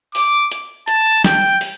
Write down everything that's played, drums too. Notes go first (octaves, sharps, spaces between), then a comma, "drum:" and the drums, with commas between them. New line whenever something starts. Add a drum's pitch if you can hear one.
D6, drum: open hi-hat
drum: hi-hat
A5, drum: hi-hat
G5, drum: snare
drum: open hi-hat